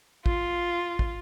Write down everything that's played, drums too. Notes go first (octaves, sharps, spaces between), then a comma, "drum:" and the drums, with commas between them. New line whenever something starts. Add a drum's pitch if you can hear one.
F4, drum: kick
drum: kick